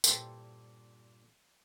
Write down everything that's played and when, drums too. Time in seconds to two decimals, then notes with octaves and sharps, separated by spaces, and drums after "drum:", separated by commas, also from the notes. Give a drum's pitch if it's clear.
0.04 G2 A#2 E3 C4 G4 A4 G5, drum: tambourine